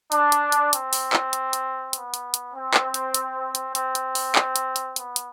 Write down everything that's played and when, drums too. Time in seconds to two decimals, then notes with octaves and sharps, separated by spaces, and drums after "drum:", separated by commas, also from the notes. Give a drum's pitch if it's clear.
0.12 D4, drum: hi-hat
0.32 drum: hi-hat
0.52 drum: hi-hat
0.73 C4, drum: hi-hat
0.93 drum: open hi-hat
1.13 drum: clap
1.33 drum: hi-hat
1.53 drum: hi-hat
1.93 B3, drum: hi-hat
2.14 drum: hi-hat
2.34 drum: hi-hat
2.54 C4
2.74 drum: clap
2.94 drum: hi-hat
3.14 drum: hi-hat
3.55 drum: hi-hat
3.75 C4, drum: hi-hat
3.95 drum: hi-hat
4.15 drum: open hi-hat
4.35 drum: clap
4.56 drum: hi-hat
4.76 drum: hi-hat
4.96 B3, drum: hi-hat
5.16 drum: hi-hat